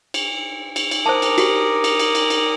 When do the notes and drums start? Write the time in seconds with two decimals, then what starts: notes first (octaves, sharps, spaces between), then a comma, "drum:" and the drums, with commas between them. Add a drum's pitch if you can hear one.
0.14 drum: cymbal
0.76 drum: cymbal
0.91 drum: cymbal
1.06 A#4 C5 A5 D6 D#6
1.22 drum: cymbal
1.38 F#4 G4, drum: cymbal
1.84 drum: cymbal
1.99 drum: cymbal
2.15 drum: cymbal
2.30 drum: cymbal